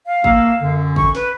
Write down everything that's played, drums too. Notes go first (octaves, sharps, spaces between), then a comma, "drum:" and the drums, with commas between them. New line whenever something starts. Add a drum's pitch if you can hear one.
F5
A3 A#3 E6, drum: kick
F#2 D3
C#6, drum: kick
B4, drum: snare